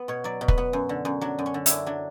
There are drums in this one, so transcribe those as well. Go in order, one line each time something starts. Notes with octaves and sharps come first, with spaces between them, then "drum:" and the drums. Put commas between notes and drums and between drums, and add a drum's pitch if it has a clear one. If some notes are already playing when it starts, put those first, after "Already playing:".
Already playing: B3
B2 C#5
F#3 D5
B2
B4, drum: kick
B3
F#2
D3
F#2
F#3 D4
F#2
C#4
D3
F#2 D4 E4, drum: hi-hat
F#3 D4